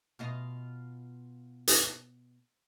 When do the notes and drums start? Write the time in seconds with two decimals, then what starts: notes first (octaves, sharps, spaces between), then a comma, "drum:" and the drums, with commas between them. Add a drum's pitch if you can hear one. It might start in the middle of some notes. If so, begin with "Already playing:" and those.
0.19 B2 F4 D#5
1.68 drum: hi-hat